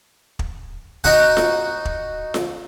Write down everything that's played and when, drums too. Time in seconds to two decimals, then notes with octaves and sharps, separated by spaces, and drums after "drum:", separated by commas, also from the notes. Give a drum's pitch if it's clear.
0.39 drum: kick
1.04 D#4 F#4 F#5, drum: kick
1.37 drum: snare F4
1.85 drum: kick
2.34 drum: snare F4